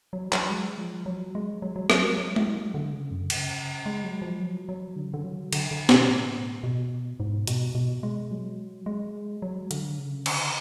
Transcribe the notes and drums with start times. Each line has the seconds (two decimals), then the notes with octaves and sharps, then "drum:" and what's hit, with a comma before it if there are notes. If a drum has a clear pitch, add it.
0.13 F#3
0.32 F#3, drum: clap
0.50 G#3
0.78 F3
1.06 F#3
1.35 G#3
1.62 F#3
1.76 F#3
1.90 F#3, drum: rim click
2.04 G#3
2.18 F#3
2.36 drum: tom G#3
2.74 D3
2.92 C#3
3.11 F#2
3.30 C#3, drum: cymbal
3.86 G#3
4.04 F#3
4.22 F3
4.40 F#3
4.69 F#3
4.96 D3
5.05 C#3
5.14 D3
5.24 F#3
5.53 D3, drum: cymbal
5.71 D3
5.89 B2, drum: snare
6.08 A2
6.63 B2
7.20 G#2
7.47 B2, drum: hi-hat
7.75 B2
8.03 G#3
8.31 F#3
8.86 G#3
9.42 F#3
9.71 D3, drum: hi-hat
9.99 C#3
10.26 D3, drum: cymbal